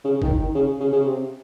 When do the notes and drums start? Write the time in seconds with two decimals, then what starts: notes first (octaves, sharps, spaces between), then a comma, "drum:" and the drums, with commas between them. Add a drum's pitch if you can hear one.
0.04 C#3
0.22 D#3, drum: kick G1
0.38 D#3
0.55 C#3
0.80 C#3
0.92 C#3
1.05 C3